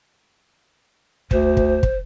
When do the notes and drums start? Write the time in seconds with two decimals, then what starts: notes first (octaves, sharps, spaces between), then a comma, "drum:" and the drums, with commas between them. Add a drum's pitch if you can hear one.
1.31 D2 C5, drum: kick
1.57 drum: kick
1.83 drum: kick